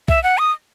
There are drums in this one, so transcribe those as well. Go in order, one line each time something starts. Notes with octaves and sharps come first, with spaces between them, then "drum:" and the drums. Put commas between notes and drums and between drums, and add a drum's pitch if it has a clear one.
E5, drum: kick B1
F#5
D#6